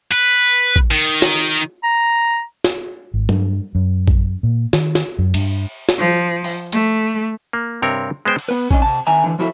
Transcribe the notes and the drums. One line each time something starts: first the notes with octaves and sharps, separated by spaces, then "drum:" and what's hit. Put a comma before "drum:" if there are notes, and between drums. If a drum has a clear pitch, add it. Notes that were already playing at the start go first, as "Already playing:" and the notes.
B4
drum: kick
D#3
drum: snare
A#5
drum: snare
G#1
G2, drum: tom F#3
F#2
drum: kick
A#2
D#3, drum: snare
drum: snare
F#2
G2, drum: cymbal
drum: snare
F3
drum: open hi-hat
A3, drum: hi-hat
A#3
G2 C3 C4 A#4 C#5
G#3 B3 C5 G5
drum: cymbal
B3 B4
C#4 D4 D#5, drum: kick
C3 A5
D#3 E5 G#5 A#5
D3 E3
F3 E4 F#4 A4 E5